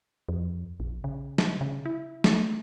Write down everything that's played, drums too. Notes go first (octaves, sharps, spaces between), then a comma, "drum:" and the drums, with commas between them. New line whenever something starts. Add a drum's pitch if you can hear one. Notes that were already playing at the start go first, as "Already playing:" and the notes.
F2
A#1
C#3
drum: snare
C#3
E4
A3, drum: snare